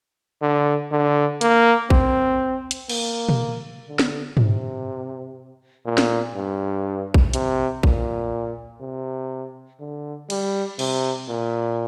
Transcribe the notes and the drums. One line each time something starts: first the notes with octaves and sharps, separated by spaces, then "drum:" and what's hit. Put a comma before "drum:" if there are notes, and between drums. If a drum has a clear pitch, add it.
D3
D3
A#3, drum: hi-hat
C4, drum: kick A#1
drum: hi-hat
A#3, drum: cymbal
drum: tom
D3
drum: snare
C3, drum: tom
A#2
drum: snare
G2
drum: kick A#1
C3, drum: hi-hat
A#2, drum: kick A#1
C3
D3
G3, drum: cymbal
C3, drum: cymbal
A#2